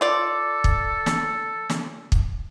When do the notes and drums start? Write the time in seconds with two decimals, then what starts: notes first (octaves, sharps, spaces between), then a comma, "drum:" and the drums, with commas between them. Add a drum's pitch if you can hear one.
0.01 F4 A4 D5
0.64 drum: kick
1.06 drum: snare
1.70 drum: snare
2.12 drum: kick